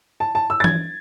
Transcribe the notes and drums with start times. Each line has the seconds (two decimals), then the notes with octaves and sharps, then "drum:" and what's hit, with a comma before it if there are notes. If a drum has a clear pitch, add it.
0.20 A5
0.35 A5
0.50 E6
0.60 A6
0.64 G#6, drum: tom E3